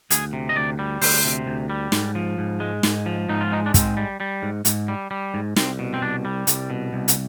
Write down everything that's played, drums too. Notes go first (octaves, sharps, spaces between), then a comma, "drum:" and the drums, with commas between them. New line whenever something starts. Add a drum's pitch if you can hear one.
D2 G#4, drum: hi-hat
C3
D#5
D2 D5
G3
D2 C5, drum: open hi-hat
C3
D2
G3
G#2, drum: snare
F3
G#2
G#3
G#2, drum: snare
F3
G#2 D#4
F4
G#3 D#4
D4
G#2 C4, drum: kick, hi-hat
G3
G3
G#2
G#2, drum: hi-hat
G3
G3
G#2
C2 C4, drum: snare
B2
C4
C2 D4
G3
C2, drum: hi-hat
B2
C2
drum: hi-hat